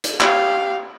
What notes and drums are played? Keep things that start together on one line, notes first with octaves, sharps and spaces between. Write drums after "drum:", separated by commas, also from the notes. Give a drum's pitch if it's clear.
drum: hi-hat
G4 F5, drum: clap